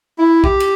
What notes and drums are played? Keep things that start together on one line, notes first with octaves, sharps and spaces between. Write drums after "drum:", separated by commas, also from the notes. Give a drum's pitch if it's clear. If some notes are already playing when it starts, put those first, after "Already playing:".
E4
G4, drum: kick
drum: cymbal